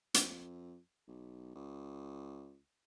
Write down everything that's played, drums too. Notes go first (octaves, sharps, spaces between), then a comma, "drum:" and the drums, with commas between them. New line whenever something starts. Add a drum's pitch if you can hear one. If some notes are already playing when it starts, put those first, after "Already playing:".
F2, drum: hi-hat
B1
C#2